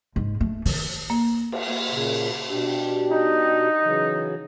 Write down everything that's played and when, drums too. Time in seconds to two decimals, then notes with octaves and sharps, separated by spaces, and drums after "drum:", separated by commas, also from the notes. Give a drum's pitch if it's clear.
0.16 G#2
0.41 A3
0.66 D#3, drum: open hi-hat
1.10 A#3
1.52 drum: cymbal
1.91 A#2 C#3
2.49 B2 D4 G4
3.12 D#4
3.84 C#3 E3 F#3